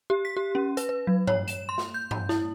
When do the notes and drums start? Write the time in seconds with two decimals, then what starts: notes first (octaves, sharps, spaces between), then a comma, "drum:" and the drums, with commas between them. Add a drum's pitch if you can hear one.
0.10 G4
0.25 B6
0.37 G4
0.55 C#4
0.77 B4, drum: hi-hat
0.89 B4
1.07 F#3
1.27 C#5, drum: tom G2
1.48 E7, drum: hi-hat
1.69 C6
1.78 drum: snare
1.94 G6
2.11 drum: tom G2
2.29 E4, drum: snare